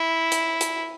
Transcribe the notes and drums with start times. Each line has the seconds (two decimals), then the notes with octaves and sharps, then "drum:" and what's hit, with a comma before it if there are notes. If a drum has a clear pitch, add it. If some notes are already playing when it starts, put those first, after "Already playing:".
Already playing: E4
0.32 drum: hi-hat
0.61 drum: hi-hat